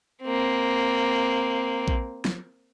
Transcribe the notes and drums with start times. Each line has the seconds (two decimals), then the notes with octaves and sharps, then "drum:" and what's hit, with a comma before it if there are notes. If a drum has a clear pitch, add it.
0.23 A#3 C4
1.88 drum: kick A#1
2.25 drum: snare